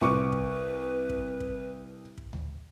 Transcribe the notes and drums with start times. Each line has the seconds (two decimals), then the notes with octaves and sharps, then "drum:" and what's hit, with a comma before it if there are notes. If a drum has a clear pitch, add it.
0.01 C2 B4 C#6 D6
0.32 drum: kick
1.09 drum: kick
1.40 drum: kick
2.18 drum: kick
2.33 drum: tom D2